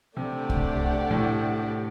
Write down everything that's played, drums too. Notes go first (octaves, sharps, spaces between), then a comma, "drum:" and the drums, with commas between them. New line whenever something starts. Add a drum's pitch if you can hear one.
C3 A3 D4 G4 D5 F#5
drum: kick C2
A2